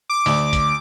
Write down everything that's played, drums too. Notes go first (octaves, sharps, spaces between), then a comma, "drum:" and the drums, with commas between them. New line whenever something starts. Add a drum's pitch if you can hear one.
D6
D2, drum: open hi-hat
drum: kick, hi-hat